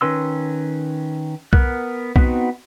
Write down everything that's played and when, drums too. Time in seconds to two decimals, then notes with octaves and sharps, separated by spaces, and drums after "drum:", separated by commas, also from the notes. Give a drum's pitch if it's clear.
0.01 D#3 C#4 B4 C6 E6
1.53 B3 A#4 F#6, drum: kick B1
2.16 B3 C4 D#4 F#4 B4, drum: kick B1